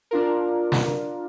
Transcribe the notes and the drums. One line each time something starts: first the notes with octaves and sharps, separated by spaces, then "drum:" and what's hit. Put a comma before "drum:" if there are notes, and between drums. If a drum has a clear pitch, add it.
D4 F4 A#4
drum: snare